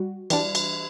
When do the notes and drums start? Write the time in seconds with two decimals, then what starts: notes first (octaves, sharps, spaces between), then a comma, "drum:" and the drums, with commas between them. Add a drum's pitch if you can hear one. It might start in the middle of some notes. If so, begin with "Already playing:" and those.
Already playing: G3 F#4
0.30 E3 G3 D4, drum: cymbal
0.55 drum: cymbal